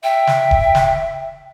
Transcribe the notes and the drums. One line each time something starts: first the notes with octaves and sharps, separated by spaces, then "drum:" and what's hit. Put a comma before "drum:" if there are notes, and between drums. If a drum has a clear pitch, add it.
E5 G5
drum: snare
drum: kick D#1
drum: snare